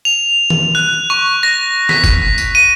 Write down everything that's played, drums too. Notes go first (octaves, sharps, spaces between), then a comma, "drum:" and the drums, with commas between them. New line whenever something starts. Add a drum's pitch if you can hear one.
F7
drum: tom D#3
F#6
C#6
A#6
B6, drum: snare
drum: kick G1, tambourine
drum: tambourine
D#7